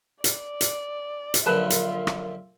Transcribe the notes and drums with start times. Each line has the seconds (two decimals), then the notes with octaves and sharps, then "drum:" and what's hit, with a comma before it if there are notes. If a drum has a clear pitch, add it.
0.24 D5, drum: hi-hat
0.61 drum: hi-hat
1.34 drum: hi-hat
1.46 A#1 F#2 D3 F4 B4 E5 A5
1.70 drum: hi-hat
2.07 drum: rim click